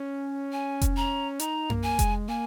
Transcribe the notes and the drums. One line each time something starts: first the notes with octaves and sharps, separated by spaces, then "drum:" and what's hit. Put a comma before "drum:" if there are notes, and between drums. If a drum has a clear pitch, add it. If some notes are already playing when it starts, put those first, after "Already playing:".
Already playing: C#4
G#5
drum: kick F1, hi-hat
A#5
D#4 A#5, drum: hi-hat
A#3, drum: tom F#2
G#5
G#3, drum: kick F1, hi-hat
A#3 G#5